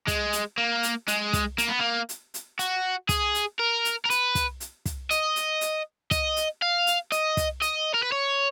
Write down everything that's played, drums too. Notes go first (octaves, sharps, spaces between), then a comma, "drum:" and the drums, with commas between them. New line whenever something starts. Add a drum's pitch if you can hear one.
G#3, drum: kick, hi-hat
drum: hi-hat
A#3
drum: hi-hat
G#3, drum: hi-hat
drum: kick, hi-hat
A#3, drum: hi-hat
B3
A#3
drum: hi-hat
drum: hi-hat
F#4, drum: hi-hat
G#4, drum: kick, hi-hat
drum: hi-hat
A#4
drum: hi-hat
A#4
B4, drum: hi-hat
drum: kick, hi-hat
drum: hi-hat
drum: kick, hi-hat
D#5, drum: hi-hat
drum: hi-hat
drum: hi-hat
D#5, drum: kick, hi-hat
drum: hi-hat
F5
drum: hi-hat
D#5, drum: hi-hat
drum: kick, hi-hat
D#5, drum: hi-hat
A#4
B4
C#5